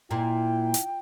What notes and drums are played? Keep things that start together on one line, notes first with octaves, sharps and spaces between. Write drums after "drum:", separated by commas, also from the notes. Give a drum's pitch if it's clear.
A#2 E4 G5
drum: hi-hat